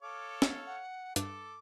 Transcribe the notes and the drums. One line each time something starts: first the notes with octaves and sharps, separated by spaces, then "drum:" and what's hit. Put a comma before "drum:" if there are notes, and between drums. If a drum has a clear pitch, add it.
A4 C#5 F5 D6
drum: snare
F#5
G2 A4 D6, drum: hi-hat